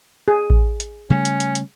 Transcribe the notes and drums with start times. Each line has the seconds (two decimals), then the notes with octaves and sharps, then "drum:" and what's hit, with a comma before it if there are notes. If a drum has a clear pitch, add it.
0.28 G#4
0.50 drum: kick A1
0.80 drum: hi-hat
1.10 C#3 G3 A3 C#4
1.25 drum: hi-hat
1.40 drum: hi-hat
1.55 drum: hi-hat